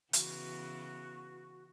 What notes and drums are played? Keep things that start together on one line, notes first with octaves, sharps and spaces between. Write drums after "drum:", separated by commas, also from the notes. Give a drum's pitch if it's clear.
C#3 E3 B3 F#4, drum: hi-hat